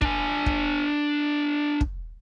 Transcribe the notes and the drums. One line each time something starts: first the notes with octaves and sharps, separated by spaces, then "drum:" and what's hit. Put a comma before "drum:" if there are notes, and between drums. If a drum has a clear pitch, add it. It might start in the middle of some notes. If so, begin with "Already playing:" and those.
D4 G#5, drum: kick
drum: kick
drum: kick